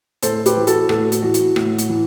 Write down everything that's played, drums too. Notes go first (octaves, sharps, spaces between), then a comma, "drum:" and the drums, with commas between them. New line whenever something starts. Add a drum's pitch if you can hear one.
A2 A4 C5, drum: hi-hat
G4 B4, drum: hi-hat
E3
F#4 A4, drum: hi-hat
A2 F#4 A4, drum: rim click
drum: hi-hat
E3 F#4
drum: hi-hat
A2, drum: rim click
drum: hi-hat
E3